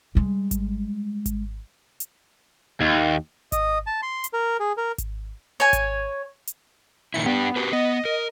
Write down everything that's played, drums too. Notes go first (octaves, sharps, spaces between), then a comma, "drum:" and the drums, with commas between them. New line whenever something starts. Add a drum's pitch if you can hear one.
G3 G#3
drum: kick G#1, hi-hat
drum: kick G#1, hi-hat
drum: hi-hat
D#2
D#5, drum: kick G#1, hi-hat
A5
C6
drum: hi-hat
A#4
G#4
A#4
drum: kick G#1, hi-hat
C#5 G#5
drum: kick G#1, hi-hat
drum: hi-hat
A#2 D#3 E4 C#7
G3 B3 D4 G4
F#4 G4 B4
B3 D#5
A#4